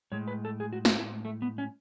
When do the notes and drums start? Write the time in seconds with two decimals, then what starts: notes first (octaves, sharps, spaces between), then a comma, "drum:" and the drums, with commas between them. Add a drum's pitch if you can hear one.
0.12 A2 G#3 C#5
0.28 B4
0.45 A4
0.60 G#4
0.73 F#4
0.85 F#4, drum: snare
0.96 E4
1.25 A3
1.42 B3
1.58 C#4